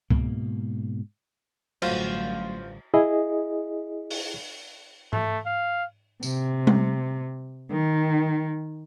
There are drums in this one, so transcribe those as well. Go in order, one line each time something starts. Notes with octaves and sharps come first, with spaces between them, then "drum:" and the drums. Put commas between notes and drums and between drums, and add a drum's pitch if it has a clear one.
G#2 B2 A#3, drum: kick C#2
A1 G2 D3 F#3 A3 F4 F#4 C5, drum: cymbal
E4 G#4 D#5
drum: open hi-hat
A3, drum: tom G#2
F5
C3, drum: tambourine
drum: tom G3
D#3